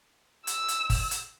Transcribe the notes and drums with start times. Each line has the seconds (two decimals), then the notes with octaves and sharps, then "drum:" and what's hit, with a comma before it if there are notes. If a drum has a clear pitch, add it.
0.47 E6, drum: hi-hat
0.68 drum: hi-hat
0.90 drum: kick, open hi-hat
1.11 drum: hi-hat